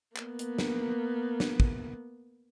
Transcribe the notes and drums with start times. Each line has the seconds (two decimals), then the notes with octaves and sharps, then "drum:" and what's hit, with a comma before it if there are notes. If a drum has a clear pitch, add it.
0.16 A#3 B3, drum: clap
0.39 drum: hi-hat
0.59 drum: snare
1.40 drum: snare
1.60 drum: kick